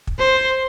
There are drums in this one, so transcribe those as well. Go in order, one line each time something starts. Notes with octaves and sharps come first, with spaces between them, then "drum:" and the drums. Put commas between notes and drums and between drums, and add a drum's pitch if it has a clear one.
drum: kick
C5